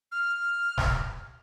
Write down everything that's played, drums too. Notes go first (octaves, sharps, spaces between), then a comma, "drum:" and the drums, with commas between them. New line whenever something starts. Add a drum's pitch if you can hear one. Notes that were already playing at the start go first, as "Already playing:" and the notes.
F6
drum: snare